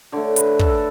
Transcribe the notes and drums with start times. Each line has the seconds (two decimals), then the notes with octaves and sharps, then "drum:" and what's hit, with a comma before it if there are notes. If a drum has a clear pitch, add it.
0.12 D3 A3 C#5
0.36 B4, drum: hi-hat
0.59 A4, drum: kick